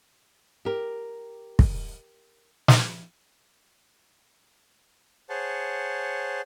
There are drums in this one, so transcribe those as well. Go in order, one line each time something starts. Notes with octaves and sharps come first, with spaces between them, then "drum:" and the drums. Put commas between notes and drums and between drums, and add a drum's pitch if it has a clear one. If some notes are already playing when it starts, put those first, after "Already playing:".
G4 A#4
drum: kick
drum: snare
G#4 C5 C#5 F#5 A5